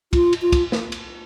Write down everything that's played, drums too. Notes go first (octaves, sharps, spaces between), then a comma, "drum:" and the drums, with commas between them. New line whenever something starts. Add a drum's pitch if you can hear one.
F4, drum: kick, cymbal
drum: cymbal
F4
drum: kick, cymbal
drum: snare
drum: cymbal